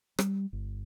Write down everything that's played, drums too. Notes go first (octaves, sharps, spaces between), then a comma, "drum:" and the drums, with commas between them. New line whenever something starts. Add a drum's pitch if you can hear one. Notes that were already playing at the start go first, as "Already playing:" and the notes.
G3, drum: rim click
G1